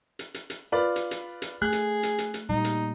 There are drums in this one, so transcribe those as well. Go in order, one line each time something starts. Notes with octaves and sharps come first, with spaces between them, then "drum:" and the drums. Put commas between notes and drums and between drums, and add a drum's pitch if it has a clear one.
drum: hi-hat
drum: hi-hat
drum: hi-hat
F4 B4 D5
drum: hi-hat
drum: hi-hat
drum: hi-hat
A3 G#4 F#6
drum: hi-hat
drum: hi-hat
drum: hi-hat
drum: hi-hat
A#2 G3 D#4
drum: hi-hat